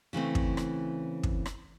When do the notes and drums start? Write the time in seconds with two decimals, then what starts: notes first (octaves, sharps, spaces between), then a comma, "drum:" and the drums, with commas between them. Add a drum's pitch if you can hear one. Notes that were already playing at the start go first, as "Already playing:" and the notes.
0.13 C#3 E3 A3 C4
0.35 drum: kick
0.57 drum: rim click
1.23 drum: kick
1.46 drum: rim click